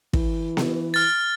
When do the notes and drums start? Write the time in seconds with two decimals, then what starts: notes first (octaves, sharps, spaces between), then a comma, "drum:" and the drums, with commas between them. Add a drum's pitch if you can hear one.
0.13 E3, drum: kick
0.57 drum: snare B3
0.94 F6 A6